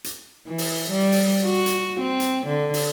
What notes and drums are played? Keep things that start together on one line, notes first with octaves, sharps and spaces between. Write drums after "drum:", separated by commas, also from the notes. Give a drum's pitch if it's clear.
drum: hi-hat
E3
drum: open hi-hat
G3
drum: open hi-hat
F#4
drum: hi-hat
C4
drum: hi-hat
D3
drum: open hi-hat